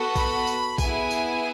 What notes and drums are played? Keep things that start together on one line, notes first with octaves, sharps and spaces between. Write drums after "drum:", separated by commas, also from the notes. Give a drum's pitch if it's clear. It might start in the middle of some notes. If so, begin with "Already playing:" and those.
Already playing: B3 F#4 A4
B5, drum: kick A#1, tambourine
drum: tambourine
B3 E4 G#4 G#5, drum: kick A#1, tambourine
drum: tambourine